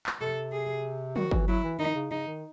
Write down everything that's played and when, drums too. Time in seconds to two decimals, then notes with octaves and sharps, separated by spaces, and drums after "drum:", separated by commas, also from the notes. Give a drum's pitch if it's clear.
0.06 drum: clap
0.21 C3 A4
0.53 G#4
1.16 D#3 F#4, drum: tom F3
1.31 E3, drum: kick G1
1.47 F#3 E4
1.64 E3
1.79 D#3 D#4
1.95 C#3
2.11 C#3 D#4
2.27 D#3